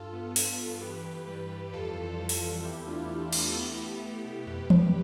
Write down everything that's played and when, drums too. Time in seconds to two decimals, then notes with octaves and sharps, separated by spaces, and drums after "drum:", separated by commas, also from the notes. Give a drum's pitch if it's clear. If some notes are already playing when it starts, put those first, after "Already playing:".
Already playing: G2 F4 A4
0.13 B3
0.36 B3, drum: open hi-hat
0.58 G2
0.81 E3 G4 B4
1.04 E3
1.28 G3
1.50 G3
1.73 F2 F4 A4
1.96 E3
2.19 G3
2.29 drum: open hi-hat
2.42 E3
2.64 E2 E4 G4
2.87 A3 D4 F4
3.10 A3 E4
3.33 A3 D4 F4, drum: cymbal
3.49 A4
3.56 B3 E4 G4
3.79 B3
4.02 B3
4.25 B2
4.47 F2 G4 B4
4.70 F2, drum: tom E3